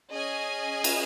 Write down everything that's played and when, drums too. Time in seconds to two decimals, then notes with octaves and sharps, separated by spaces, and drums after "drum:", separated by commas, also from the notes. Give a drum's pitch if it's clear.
0.13 C#4 G#4 D#5 G#5
0.84 drum: cymbal